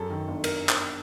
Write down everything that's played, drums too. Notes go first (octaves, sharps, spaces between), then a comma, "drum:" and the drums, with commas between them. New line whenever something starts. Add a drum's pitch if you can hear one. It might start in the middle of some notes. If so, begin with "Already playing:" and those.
Already playing: F#2 A4
D#3
G1
A#4, drum: cymbal
drum: clap